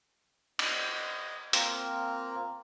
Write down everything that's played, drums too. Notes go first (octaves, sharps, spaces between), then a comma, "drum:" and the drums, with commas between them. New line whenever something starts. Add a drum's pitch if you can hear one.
D#5, drum: cymbal
A#3 C4 F4 A#4, drum: hi-hat